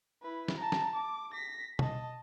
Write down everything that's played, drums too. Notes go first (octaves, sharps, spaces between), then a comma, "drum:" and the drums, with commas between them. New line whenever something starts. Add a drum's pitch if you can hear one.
E4 B4
drum: snare
A5 A#5
drum: snare
D6
A#6 B6
D#5 A5, drum: tom